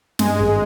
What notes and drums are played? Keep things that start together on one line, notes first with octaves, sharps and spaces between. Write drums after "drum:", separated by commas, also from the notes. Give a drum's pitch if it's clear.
G2 G#3, drum: snare
G#1
G#3